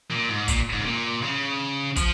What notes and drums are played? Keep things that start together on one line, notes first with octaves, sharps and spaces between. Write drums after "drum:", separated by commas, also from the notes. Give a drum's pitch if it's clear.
A#2
G#2
A#2, drum: kick, hi-hat
G#2
C#3
A#2
C#3
F3, drum: kick, hi-hat